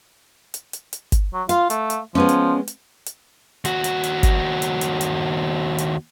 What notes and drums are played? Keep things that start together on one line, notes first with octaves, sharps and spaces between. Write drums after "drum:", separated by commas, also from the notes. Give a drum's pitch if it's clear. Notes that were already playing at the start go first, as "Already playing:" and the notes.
drum: hi-hat
drum: hi-hat
drum: hi-hat
drum: kick G1, hi-hat
F#3
F4 F5, drum: hi-hat
A3, drum: hi-hat
drum: hi-hat
F3 G#3 B3 C#4
drum: hi-hat
drum: hi-hat
drum: hi-hat
D#2 F#4, drum: hi-hat
drum: hi-hat
drum: hi-hat
drum: kick G1, hi-hat
drum: hi-hat
drum: hi-hat
drum: hi-hat
drum: hi-hat